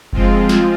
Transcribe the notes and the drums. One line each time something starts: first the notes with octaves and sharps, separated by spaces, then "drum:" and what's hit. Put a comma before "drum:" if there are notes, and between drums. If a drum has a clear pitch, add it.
F3 G#3 C4 F4, drum: kick F#1
drum: snare